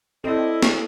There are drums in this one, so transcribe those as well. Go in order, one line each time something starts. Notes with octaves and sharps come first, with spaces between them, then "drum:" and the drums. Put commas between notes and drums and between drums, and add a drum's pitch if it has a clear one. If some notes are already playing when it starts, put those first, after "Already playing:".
C4 E4 A4 D5 D#5
drum: snare